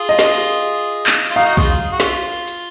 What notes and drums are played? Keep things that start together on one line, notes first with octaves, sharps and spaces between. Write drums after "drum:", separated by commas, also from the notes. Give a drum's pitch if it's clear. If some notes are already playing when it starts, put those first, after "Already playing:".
Already playing: F4 G#4
D#5
drum: snare
drum: clap
F4
D#4 F#4 F5
F4 G#4, drum: kick B1
F#4
F4, drum: snare
drum: hi-hat